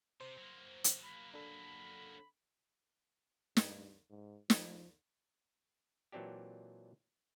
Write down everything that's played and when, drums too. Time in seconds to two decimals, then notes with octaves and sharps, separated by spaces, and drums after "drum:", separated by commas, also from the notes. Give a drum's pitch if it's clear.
0.20 C3 C5
0.37 F#3 A#3
0.84 drum: hi-hat
1.03 B5
1.34 D4 A4 B5
3.57 G2, drum: snare
4.10 G#2
4.50 F3, drum: snare
6.12 A#2 E3 F#3 C4 D4 G4